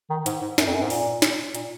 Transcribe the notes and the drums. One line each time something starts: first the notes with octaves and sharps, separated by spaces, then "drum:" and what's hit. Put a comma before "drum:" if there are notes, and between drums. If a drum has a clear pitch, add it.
D#3
G#2, drum: hi-hat
G#2
F#2, drum: snare
F2
F#2
G#2
A#2, drum: open hi-hat
drum: snare
A#2, drum: hi-hat